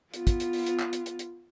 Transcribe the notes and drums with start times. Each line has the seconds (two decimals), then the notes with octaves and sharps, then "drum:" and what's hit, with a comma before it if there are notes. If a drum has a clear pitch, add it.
0.14 B3 F4, drum: hi-hat
0.27 drum: kick, hi-hat
0.40 drum: hi-hat
0.53 drum: open hi-hat
0.66 drum: hi-hat
0.80 drum: clap
0.93 drum: hi-hat
1.06 drum: hi-hat
1.19 drum: hi-hat